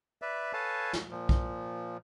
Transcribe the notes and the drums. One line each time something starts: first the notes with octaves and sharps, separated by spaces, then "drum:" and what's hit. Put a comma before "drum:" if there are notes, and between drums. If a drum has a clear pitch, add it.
B4 D5 E5
A4 B4 C#5 F5 G#5 A5
drum: snare
A#2 F3
drum: kick B1